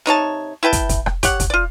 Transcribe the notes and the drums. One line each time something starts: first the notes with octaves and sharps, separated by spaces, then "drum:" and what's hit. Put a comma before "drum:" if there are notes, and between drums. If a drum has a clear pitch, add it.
C3 D#4 C#5 A5
E4 B4 G5 A5
drum: kick, hi-hat
drum: kick, hi-hat
drum: rim click
G4 C#5 F#5, drum: kick, hi-hat
drum: kick, hi-hat
F4 D5